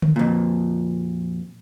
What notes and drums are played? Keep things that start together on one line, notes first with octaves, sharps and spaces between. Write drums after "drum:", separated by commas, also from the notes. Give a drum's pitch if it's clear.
drum: tom D3
F2 A#2